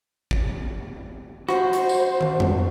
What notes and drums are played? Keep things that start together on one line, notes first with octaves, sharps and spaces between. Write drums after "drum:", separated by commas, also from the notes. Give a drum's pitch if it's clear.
drum: kick
F#4 C5, drum: rim click
drum: hi-hat
drum: tambourine
drum: tom
drum: tom F2